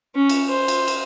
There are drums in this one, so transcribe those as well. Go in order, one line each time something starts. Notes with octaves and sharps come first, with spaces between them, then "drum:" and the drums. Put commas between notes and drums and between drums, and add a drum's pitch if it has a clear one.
C#4
drum: cymbal
C5
drum: cymbal
drum: cymbal